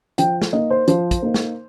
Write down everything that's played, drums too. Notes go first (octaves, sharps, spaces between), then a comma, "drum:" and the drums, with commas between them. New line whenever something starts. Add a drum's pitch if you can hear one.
F3 G5, drum: hi-hat
drum: snare
A#3 D#4 D#5
C5
F3 C5, drum: hi-hat
drum: kick, hi-hat
A#3 D#4
drum: snare